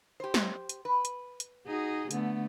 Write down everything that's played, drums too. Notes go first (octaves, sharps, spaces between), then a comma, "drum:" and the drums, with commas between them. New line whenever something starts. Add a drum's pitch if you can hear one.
G4 C5
drum: snare
drum: hi-hat
B4
drum: hi-hat
drum: hi-hat
D#4 F#4 G#4
D3 A3 B3, drum: hi-hat